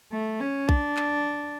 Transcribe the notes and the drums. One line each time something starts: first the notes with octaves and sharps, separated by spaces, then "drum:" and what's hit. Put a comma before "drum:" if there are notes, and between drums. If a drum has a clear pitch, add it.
A3
C#4
D4, drum: kick B1
drum: clap